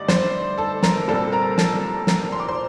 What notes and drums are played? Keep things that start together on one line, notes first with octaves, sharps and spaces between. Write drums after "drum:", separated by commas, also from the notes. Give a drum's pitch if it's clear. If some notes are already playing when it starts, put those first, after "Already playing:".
Already playing: G2 D3 A3 D#4 D5
C5 C6, drum: snare
A4 A5
A#4 A#5, drum: snare
C2 A#2 G3 C4 A4 A5
A#4 A#5
A4 A5, drum: snare
A#4 A#5, drum: snare
C6
D6
C5 C6